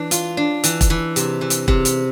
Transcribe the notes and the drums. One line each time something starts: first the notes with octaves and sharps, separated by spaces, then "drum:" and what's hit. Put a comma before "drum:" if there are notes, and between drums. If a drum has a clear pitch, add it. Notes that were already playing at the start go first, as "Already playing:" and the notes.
Already playing: E3 D4
F4, drum: hi-hat
D4
E3, drum: hi-hat
drum: kick E1, hi-hat
E3
C3, drum: hi-hat
E3
drum: hi-hat
C3, drum: kick E1
drum: hi-hat